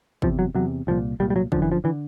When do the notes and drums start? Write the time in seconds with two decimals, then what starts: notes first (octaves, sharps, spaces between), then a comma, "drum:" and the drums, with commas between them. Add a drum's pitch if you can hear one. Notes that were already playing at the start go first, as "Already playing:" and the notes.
0.22 E2 C3 F3, drum: kick
0.39 F#3
0.55 E2 C3 F#3
0.87 C2 A#2 F3
1.20 C2 A#2 G3
1.30 G3
1.36 F#3
1.52 F#2 D3 F3, drum: kick
1.62 E3
1.72 F3
1.84 D3 E3